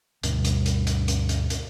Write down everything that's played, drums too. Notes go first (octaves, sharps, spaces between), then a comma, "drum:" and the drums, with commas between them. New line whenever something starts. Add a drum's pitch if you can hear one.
D2 G2 B2 G3, drum: hi-hat
drum: hi-hat
drum: hi-hat
drum: hi-hat
drum: hi-hat
drum: hi-hat
drum: hi-hat